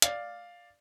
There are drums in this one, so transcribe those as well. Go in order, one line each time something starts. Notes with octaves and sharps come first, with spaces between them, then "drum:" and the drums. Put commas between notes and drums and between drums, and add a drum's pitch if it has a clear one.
D5 F5, drum: hi-hat